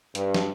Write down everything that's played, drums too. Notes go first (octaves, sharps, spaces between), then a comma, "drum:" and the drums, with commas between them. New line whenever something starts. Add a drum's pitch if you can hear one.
G2, drum: hi-hat
drum: snare